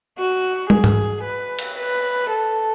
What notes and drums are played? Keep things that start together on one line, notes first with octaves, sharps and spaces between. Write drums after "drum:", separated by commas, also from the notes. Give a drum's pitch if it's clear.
F#4
G#4, drum: tom
drum: tom G#2
B4
drum: cymbal
B4
A4